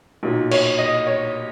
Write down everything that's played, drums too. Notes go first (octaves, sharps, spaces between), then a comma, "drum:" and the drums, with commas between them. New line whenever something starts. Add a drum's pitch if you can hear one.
B1 A#2 F#3
C#5, drum: cymbal
D#5
C#5